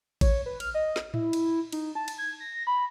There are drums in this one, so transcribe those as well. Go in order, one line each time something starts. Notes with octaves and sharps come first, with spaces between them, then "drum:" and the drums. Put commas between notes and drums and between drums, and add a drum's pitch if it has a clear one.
C#5, drum: kick A1, cymbal
B4
F6, drum: cymbal
D#5
drum: snare
E4, drum: tom A2
drum: cymbal
D#4, drum: cymbal
A5
drum: cymbal
G#6
A#6
B5